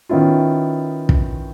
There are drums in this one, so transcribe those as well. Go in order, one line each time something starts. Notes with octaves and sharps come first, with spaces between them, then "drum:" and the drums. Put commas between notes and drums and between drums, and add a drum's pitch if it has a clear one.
D#3 B3 C#4 E4 F4
drum: kick